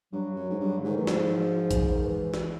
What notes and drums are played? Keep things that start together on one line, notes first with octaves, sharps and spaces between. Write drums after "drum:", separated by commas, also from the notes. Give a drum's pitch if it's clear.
G2 F#3
F#2
G#2
G2
D3
G#2 D#3
A2 E3
G#2 F3, drum: snare
drum: kick A1, hi-hat
D#3
E3
drum: snare